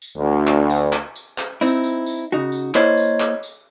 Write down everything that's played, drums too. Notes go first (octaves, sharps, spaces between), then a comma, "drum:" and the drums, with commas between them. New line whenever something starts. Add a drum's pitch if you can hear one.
drum: tambourine
D2
drum: clap
drum: tambourine
drum: clap
drum: tambourine
drum: clap
C4 D#4 E4, drum: tambourine
drum: tambourine
drum: tambourine
C#3 D#4 F#4
drum: tambourine
A#3 E4 C5 C#5 D#5 G#6, drum: clap
drum: tambourine
drum: clap
drum: tambourine